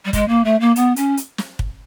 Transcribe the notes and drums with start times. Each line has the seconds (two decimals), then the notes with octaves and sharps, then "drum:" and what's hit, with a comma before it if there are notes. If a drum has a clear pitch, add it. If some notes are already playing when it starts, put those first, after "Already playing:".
0.05 G3
0.13 G#3, drum: kick, hi-hat
0.28 A#3
0.44 A3
0.60 A#3
0.76 B3, drum: hi-hat
0.96 C#4, drum: hi-hat
1.17 drum: hi-hat
1.38 drum: snare
1.59 drum: kick